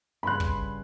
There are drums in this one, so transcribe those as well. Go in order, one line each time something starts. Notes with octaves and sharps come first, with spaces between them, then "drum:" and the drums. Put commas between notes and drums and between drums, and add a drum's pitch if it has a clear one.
G2 C#3 B5 C6 F#6
drum: kick